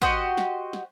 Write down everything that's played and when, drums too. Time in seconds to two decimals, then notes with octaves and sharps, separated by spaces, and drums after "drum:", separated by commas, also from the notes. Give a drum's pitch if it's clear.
0.02 F#4 G4 C5 D#5, drum: kick
0.37 drum: snare
0.73 drum: snare